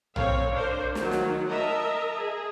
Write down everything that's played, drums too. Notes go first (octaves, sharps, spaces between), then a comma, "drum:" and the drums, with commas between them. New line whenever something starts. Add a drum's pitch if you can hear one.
C4 C#5 F5, drum: tom
D4 A#4 C5
D#3 F#3, drum: snare
drum: snare
A#4 D#5 E5 A5 A#5
G#4